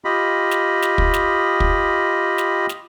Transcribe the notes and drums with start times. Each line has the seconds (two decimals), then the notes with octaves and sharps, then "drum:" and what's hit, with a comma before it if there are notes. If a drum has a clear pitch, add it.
0.05 F4 G4 D#5 B5
0.51 drum: snare
0.82 drum: snare
0.98 drum: kick
1.14 drum: snare
1.60 drum: kick
2.38 drum: snare
2.69 drum: snare